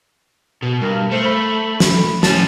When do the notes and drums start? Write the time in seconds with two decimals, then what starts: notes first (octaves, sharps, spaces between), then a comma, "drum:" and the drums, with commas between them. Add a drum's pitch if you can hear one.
0.63 B2
0.82 G2 A#4
1.12 A3 C5
1.25 B5
1.80 drum: snare
2.23 A2 C#4 A5, drum: snare